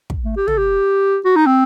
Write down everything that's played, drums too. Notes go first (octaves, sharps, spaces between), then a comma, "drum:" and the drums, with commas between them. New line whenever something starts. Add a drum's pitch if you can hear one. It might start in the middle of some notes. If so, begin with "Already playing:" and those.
drum: kick
A3
G4
A4, drum: tom
G4
F#4
D#4
C4